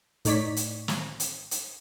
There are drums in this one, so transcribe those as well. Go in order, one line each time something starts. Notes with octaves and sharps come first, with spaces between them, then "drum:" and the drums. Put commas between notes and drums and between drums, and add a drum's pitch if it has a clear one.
A2 D#4 C#5 D5 B6, drum: hi-hat
drum: hi-hat
drum: snare
drum: hi-hat
drum: hi-hat